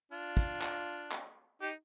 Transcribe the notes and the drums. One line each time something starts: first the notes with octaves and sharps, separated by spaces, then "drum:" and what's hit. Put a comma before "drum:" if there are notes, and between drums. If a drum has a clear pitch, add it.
D4 F4
drum: kick
drum: clap
drum: clap
D#4 G4